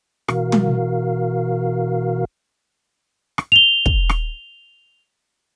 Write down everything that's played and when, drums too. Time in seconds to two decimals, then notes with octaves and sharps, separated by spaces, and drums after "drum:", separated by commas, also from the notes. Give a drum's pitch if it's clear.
0.28 B2 E3 F#4 A#4 F5, drum: rim click
0.52 drum: tom
3.38 drum: rim click
3.52 F7 G7
3.86 drum: kick
4.09 drum: rim click